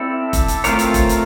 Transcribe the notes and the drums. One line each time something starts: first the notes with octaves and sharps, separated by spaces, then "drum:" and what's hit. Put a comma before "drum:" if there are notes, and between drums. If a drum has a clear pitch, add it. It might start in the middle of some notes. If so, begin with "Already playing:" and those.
Already playing: C4 E4 A4 D5 F5
drum: kick F1, hi-hat
drum: hi-hat
A3 C4 F4 A#4 C#5, drum: hi-hat
drum: hi-hat
drum: kick F1, hi-hat
drum: hi-hat